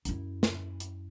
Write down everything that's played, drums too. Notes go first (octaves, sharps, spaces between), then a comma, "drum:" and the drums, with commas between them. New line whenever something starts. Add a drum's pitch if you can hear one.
F#2 E4, drum: hi-hat
drum: snare
drum: hi-hat